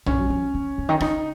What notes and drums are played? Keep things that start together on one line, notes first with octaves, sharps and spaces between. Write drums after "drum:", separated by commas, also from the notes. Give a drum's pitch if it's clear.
B2 C#4, drum: tom
F#3
F3
C#3
C#3
D#3
C#3 D#4, drum: rim click